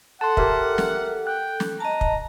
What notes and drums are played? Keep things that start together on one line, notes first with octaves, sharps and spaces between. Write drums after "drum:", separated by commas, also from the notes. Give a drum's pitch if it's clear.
A4 F#5 A5 C6
G4 A#4 E5, drum: kick
drum: snare
G5 F#6
drum: snare
D#5 A5 A#5
drum: kick